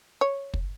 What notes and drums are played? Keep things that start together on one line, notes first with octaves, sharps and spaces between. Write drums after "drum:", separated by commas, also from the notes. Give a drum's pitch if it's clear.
C#5
drum: kick